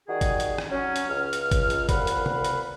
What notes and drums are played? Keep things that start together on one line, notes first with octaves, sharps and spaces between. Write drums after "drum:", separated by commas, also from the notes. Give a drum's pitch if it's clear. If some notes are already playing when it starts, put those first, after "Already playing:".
D#3 G3 F#4 G#4
drum: kick G1, hi-hat
drum: hi-hat
drum: rim click
F#3 C#4
drum: hi-hat
C#2 F6
drum: hi-hat
drum: kick G1, hi-hat
drum: hi-hat
C2 A#2 B4 F5 F#5 B5, drum: kick G1, hi-hat
drum: hi-hat
drum: tom C3
drum: hi-hat